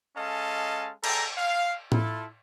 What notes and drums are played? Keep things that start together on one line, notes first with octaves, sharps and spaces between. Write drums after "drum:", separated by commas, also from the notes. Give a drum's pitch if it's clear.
G#3 C#4 A4 D#5 F5 A5
G#4 A4 G5 A#5, drum: cymbal
F5
E4 F4 A4, drum: tom A2